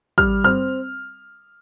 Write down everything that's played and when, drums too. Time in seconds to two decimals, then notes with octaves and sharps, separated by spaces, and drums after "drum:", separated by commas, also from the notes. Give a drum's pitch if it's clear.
0.18 G3 F6, drum: kick
0.44 C4 F6, drum: tom G2